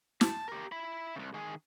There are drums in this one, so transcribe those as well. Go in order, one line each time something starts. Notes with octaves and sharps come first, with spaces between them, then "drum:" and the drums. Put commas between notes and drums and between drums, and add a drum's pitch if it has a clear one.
A5, drum: snare
G4 A#4
E5 B5
C2 C#3
D#3 G#4